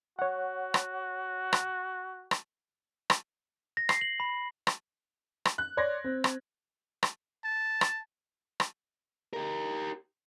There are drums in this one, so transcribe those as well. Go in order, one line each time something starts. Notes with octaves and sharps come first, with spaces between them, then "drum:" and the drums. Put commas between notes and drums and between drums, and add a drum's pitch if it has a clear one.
F#4 C#5 F#5
drum: rim click
drum: rim click
drum: rim click
drum: rim click
A#6
C7, drum: rim click
F#7
B5
drum: rim click
drum: rim click
F#6
C#5 D5 C6 G#6 A#6
C4
drum: rim click
drum: rim click
A5
drum: rim click
drum: rim click
G4 A#4